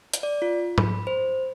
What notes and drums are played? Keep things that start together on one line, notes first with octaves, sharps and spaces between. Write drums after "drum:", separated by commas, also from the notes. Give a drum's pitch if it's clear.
drum: hi-hat
D5
F4
B5, drum: tom
C5